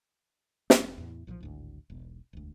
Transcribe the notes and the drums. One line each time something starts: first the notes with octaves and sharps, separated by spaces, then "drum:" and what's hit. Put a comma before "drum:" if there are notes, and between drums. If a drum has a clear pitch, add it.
E1 C4, drum: snare
E2 A2
B1 A#2 D#3 F3
G#1 D2 A2
E1 B1
E1 D2